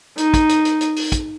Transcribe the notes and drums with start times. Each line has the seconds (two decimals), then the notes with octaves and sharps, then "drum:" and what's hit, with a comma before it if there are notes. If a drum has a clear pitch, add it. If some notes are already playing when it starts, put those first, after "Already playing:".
0.18 D#4, drum: hi-hat
0.34 drum: kick, hi-hat
0.49 drum: hi-hat
0.65 drum: hi-hat
0.81 drum: hi-hat
0.96 drum: open hi-hat
1.12 drum: kick, hi-hat